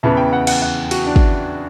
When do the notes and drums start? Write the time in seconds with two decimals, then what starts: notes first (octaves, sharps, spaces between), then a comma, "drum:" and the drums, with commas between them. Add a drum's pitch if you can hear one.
0.03 E2 C#3 E3 B3 A5
0.17 G5
0.33 F#5
0.47 F#5, drum: cymbal
0.62 F#5
0.91 F#4, drum: cymbal
1.07 D4
1.16 drum: kick